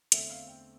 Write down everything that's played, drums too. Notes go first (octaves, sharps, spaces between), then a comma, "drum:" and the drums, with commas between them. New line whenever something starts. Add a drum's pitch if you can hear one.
E2 D3 A3 C4 E5, drum: hi-hat
F5
G5